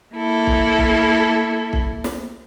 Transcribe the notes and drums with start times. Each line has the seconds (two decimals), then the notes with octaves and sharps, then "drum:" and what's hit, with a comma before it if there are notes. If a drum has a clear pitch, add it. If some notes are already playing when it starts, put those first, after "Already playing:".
0.15 A#3 E4 A4
0.47 drum: kick
0.78 drum: kick
1.73 drum: kick
2.04 drum: snare